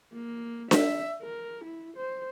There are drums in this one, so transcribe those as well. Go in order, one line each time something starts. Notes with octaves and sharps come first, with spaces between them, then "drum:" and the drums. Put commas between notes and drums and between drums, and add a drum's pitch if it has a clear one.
A#3
E5, drum: snare D4
A#4
E4
C5